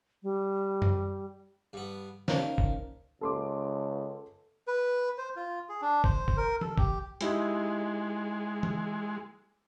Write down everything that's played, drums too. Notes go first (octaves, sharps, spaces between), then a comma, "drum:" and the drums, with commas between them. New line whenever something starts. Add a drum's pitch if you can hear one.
G3
drum: tom F#2
G2 B3
A#3 C#4 D#4 A#4 C5 D5 A5, drum: snare
drum: kick
C#2 A4 C6 D6
B4
C5
F4
G#4
D4
C5, drum: kick
drum: kick
A#4
A4, drum: tom E3
G4, drum: kick
G#3 D#4 E4 G4, drum: hi-hat
drum: tom E3